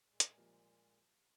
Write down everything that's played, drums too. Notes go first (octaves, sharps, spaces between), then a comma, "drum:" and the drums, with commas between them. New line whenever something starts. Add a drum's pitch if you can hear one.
A#2 G#3
drum: hi-hat
F3 G3 A#3